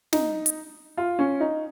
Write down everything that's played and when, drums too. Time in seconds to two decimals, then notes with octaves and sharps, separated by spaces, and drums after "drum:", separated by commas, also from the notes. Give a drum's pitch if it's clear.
0.13 D#4, drum: snare
0.46 drum: hi-hat
0.97 F4
1.19 C#4
1.40 D#4